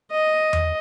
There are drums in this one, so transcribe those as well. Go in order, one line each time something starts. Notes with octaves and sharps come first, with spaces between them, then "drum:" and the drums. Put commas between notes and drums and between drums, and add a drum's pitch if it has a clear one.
D#5
drum: tom E2